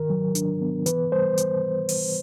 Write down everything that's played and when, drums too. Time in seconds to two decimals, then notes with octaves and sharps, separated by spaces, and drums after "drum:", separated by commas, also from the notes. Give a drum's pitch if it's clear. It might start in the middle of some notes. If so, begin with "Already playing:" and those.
Already playing: D#3 A#4
0.10 F#3
0.35 D4, drum: hi-hat
0.61 B3
0.86 E3 B4, drum: hi-hat
1.12 G3 C5
1.38 drum: hi-hat
1.89 drum: open hi-hat